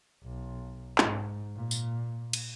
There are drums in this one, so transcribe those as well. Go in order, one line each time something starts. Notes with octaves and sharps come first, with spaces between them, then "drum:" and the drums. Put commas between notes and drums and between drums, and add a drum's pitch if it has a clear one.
B1
G#2, drum: clap
A#2
drum: tambourine
drum: cymbal